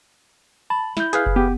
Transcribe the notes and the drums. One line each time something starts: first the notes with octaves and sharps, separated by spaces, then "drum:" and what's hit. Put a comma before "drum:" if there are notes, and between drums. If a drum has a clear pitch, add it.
A5 B5
E4 G6, drum: snare
G#4 B4 F5, drum: hi-hat
drum: kick F#1
B3 G4